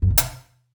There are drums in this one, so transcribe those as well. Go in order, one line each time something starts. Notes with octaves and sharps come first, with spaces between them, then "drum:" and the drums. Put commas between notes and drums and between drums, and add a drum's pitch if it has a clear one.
F#2
C3
B2, drum: hi-hat